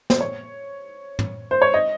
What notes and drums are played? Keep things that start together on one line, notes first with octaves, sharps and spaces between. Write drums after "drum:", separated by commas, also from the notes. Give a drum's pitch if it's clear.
C5, drum: snare
C#5
drum: tom
C5
C#5
D#5